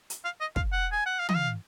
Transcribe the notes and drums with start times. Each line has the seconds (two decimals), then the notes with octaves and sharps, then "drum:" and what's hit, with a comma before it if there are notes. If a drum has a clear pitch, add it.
0.10 drum: hi-hat
0.25 F5
0.41 D#5
0.56 F5, drum: kick
0.72 F#5
0.92 G#5
1.06 F#5
1.19 F5
1.29 D#5, drum: tom
1.35 F5